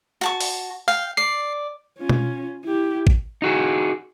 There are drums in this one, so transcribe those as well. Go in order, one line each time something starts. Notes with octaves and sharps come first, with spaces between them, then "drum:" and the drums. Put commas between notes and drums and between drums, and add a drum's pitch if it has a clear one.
F#4 A5 C#6
drum: open hi-hat
F5 G5
D5 C7
C#4 F4
drum: tom B2
E4 G4
drum: kick A1
D#4 F#4 G#4